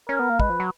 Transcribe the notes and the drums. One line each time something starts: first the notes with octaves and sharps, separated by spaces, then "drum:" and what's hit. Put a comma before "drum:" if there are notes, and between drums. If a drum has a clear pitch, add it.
C#4 A#4
B3
A#3
G#3 B4, drum: kick
F3
F#3